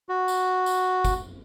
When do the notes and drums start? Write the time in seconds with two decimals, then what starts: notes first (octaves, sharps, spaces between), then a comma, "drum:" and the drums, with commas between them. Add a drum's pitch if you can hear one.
0.09 F#4
0.28 drum: tambourine
0.66 drum: tambourine
1.05 drum: kick, tambourine